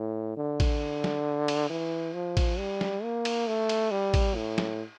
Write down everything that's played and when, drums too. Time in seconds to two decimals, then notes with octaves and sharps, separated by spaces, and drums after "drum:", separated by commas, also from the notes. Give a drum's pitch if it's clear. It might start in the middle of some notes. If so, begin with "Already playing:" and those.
Already playing: A2
0.37 D3
0.60 drum: kick A1, cymbal
1.04 drum: snare
1.48 drum: cymbal
1.70 E3
2.15 F3
2.37 drum: kick A1, cymbal
2.59 G3
2.81 drum: snare
3.03 A#3
3.25 drum: cymbal
3.47 A3
3.69 drum: cymbal
3.91 G3
4.14 drum: kick A1, cymbal
4.36 A2
4.58 drum: snare